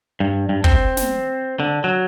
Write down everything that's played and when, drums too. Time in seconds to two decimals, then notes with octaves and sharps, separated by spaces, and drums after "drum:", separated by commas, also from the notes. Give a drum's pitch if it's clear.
0.20 G2
0.49 G2
0.64 C4, drum: kick
0.97 drum: snare
1.60 D3
1.84 F#3